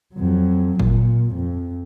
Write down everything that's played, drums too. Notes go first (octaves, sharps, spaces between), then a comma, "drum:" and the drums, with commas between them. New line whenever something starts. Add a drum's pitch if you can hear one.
F2 F#3
A#2, drum: kick F#1
F2